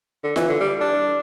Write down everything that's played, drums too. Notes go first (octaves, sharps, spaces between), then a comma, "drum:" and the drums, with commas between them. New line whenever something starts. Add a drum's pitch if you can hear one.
D3
E3, drum: snare F4
D3
G3
D4